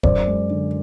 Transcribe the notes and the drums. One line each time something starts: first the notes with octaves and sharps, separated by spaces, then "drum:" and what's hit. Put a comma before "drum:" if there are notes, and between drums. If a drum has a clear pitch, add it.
F#2 C5 D5, drum: kick
G#3
D3